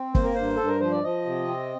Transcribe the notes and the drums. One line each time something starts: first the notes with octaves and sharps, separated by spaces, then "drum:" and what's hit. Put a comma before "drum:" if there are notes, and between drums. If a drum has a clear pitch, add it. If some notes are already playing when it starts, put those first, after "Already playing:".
Already playing: C4
A#3 C5, drum: kick F#1
A#4
G2 C5
G2 A4
A#4
F3 C5
D5
F3 D#5
C3
C4